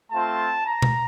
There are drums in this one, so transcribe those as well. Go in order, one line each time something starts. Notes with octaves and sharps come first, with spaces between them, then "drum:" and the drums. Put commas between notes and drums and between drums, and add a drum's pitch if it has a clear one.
A3 C4 F4 A5
A#5
drum: tom B2